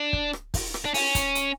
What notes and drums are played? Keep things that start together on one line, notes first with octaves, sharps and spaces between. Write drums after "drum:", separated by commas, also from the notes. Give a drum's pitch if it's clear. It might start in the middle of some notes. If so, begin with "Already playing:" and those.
Already playing: D4
drum: kick
drum: rim click
drum: kick, open hi-hat
drum: rim click
D4
C#4, drum: open hi-hat
drum: kick, hi-hat
drum: hi-hat